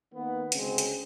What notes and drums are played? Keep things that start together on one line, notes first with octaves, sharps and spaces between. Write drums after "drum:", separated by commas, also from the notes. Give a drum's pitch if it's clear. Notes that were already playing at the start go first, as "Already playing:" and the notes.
D#3 A#3 B3
D2 C#3 G#3 C4 C#4, drum: hi-hat
drum: hi-hat